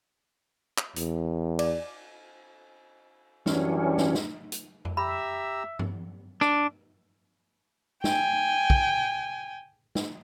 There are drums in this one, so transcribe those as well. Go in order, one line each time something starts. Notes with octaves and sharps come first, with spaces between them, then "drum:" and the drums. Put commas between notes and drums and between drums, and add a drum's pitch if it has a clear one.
drum: clap
E2, drum: hi-hat
D5, drum: cymbal
F#2 E3 G3 C#4 D4, drum: snare
drum: snare
drum: snare
drum: hi-hat
drum: tom F2
G4 E5 A#5 B5 E6
drum: tom G2
D4, drum: rim click
G5 G#5, drum: snare
drum: kick
drum: snare